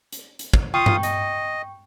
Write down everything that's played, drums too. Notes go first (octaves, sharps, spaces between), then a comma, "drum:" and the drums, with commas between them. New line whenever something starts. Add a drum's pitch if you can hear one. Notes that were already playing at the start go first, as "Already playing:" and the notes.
drum: hi-hat
drum: hi-hat
drum: kick
F4 F5 G5 C#6 D#6
drum: tom G2
D#5, drum: hi-hat